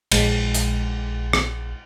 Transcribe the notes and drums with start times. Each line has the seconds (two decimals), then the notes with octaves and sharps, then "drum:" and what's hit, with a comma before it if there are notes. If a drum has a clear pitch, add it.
0.12 A#1 G#3, drum: cymbal
0.54 drum: hi-hat
1.33 drum: rim click